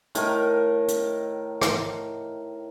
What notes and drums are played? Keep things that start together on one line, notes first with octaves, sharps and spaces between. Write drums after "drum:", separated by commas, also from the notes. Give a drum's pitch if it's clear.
A2 D#3 A#4, drum: hi-hat
drum: hi-hat
drum: rim click